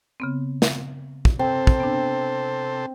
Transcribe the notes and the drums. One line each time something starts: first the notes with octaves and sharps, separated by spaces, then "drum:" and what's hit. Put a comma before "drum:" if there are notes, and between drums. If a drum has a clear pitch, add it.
C#3 B3 C4
drum: snare
drum: kick
C3 C4 A4 C5
drum: kick
B3 D4